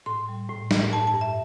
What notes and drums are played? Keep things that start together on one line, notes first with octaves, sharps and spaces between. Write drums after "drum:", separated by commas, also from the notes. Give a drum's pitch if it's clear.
A2 C6
G3
A2
A2, drum: snare
G2 A5
A5
G2
E5